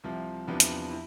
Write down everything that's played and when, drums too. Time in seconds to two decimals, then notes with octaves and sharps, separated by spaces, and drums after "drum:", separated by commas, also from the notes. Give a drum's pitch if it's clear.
0.04 C2 C3 F3
0.47 E2 C3 F3 B3 D4
0.60 drum: hi-hat
0.91 E4